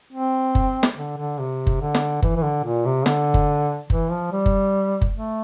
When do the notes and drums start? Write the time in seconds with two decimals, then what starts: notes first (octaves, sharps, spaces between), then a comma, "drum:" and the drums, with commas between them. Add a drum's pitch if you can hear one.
0.13 C4
0.55 drum: kick F#1
0.83 drum: snare
0.96 D3
1.17 D3
1.39 C3
1.67 drum: kick F#1
1.81 D3
1.95 drum: snare
2.22 E3, drum: kick F#1
2.37 E3
2.43 D3
2.64 A#2
2.85 C3
3.06 D3, drum: snare
3.34 drum: kick F#1
3.90 E3, drum: kick F#1
4.11 F3
4.32 G3
4.46 drum: kick F#1
5.01 drum: kick F#1
5.15 A3